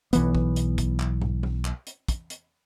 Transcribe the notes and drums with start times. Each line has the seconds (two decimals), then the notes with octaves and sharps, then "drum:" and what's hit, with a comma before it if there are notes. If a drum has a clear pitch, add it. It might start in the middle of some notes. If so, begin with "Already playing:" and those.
0.13 B1 E3 B3, drum: hi-hat
0.35 drum: kick
0.56 drum: hi-hat
0.78 drum: kick, hi-hat
1.00 drum: clap
1.22 drum: tom
1.43 drum: tom F#3
1.65 drum: clap
1.87 drum: hi-hat
2.08 drum: kick, hi-hat
2.30 drum: hi-hat